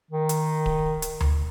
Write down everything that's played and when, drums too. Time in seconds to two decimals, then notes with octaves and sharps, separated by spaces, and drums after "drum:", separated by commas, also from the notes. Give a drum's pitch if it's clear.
0.11 D#3
0.29 drum: hi-hat
0.66 drum: kick D1
1.02 drum: hi-hat
1.21 drum: tom D2